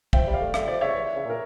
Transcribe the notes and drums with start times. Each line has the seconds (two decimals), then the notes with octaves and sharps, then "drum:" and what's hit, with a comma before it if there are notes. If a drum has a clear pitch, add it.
0.13 F3 E5 G5, drum: kick
0.27 G3
0.33 D5 F5
0.41 A3
0.54 A3 E5, drum: rim click
0.67 F3 D5
0.81 C#3 C#5 E5
0.95 E3
1.15 C#3
1.25 A#2
1.30 A#4